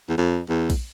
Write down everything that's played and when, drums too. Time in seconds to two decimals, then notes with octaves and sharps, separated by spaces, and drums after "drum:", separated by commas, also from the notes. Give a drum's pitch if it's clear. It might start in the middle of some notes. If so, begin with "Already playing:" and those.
0.09 E2
0.18 F2
0.49 E2
0.70 drum: kick A#1, cymbal